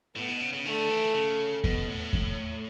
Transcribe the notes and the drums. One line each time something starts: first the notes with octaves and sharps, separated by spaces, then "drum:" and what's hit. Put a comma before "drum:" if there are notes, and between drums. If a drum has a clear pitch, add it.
A2 B3
B2
C#3
C#3
D3 A3
E3
C#3
B2 B3, drum: kick E2
A2
drum: kick E2